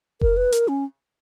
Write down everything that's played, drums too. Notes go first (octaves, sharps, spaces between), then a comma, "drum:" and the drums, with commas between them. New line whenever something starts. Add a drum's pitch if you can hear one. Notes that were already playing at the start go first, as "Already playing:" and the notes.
A#4, drum: kick F1
B4
A#4, drum: hi-hat
C#4